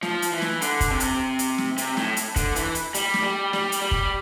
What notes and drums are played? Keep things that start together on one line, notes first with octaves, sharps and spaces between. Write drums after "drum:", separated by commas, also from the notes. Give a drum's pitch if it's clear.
F3, drum: snare
drum: hi-hat
E3
drum: snare
D3, drum: hi-hat
drum: kick, hi-hat
C3
drum: hi-hat
drum: hi-hat
drum: snare
C3, drum: hi-hat
A2, drum: snare
drum: hi-hat
D3, drum: kick, hi-hat
E3, drum: hi-hat
drum: hi-hat
G3, drum: hi-hat
drum: snare
G3
G3, drum: snare
drum: hi-hat
G3
drum: kick